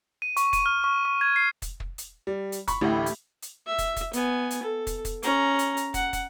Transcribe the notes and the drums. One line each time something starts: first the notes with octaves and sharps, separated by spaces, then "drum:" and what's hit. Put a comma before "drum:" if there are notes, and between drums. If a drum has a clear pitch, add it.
D#7
C#6, drum: hi-hat
D#7, drum: kick, hi-hat
F6
C#6
C#6
G#6
C7
drum: kick, hi-hat
drum: kick
drum: hi-hat
G3
drum: hi-hat
B5 C#6, drum: kick, hi-hat
A1 D2 A2 A3 E4 G4
drum: hi-hat
drum: hi-hat
E5
drum: kick, hi-hat
drum: kick, hi-hat
B3 G#5, drum: hi-hat
drum: hi-hat
A4
drum: kick, hi-hat
drum: kick, hi-hat
C#4 A#5, drum: hi-hat
drum: hi-hat
drum: hi-hat
F#5, drum: kick, hi-hat
drum: kick, hi-hat